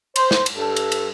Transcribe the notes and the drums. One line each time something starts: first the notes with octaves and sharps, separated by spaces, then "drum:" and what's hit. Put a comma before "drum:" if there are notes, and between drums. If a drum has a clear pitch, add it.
C5, drum: cymbal
drum: snare
drum: cymbal
G2 A4
drum: cymbal
drum: cymbal